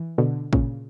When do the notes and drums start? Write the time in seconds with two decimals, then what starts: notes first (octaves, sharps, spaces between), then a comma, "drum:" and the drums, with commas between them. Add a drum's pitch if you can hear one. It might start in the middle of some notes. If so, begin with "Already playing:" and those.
Already playing: E3
0.18 B2 D3
0.53 A#2 C#3, drum: kick